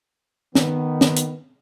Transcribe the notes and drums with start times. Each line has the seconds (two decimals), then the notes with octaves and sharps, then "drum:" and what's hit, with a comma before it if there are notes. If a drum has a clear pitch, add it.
0.55 D#3 B3, drum: snare
1.01 drum: snare
1.16 drum: hi-hat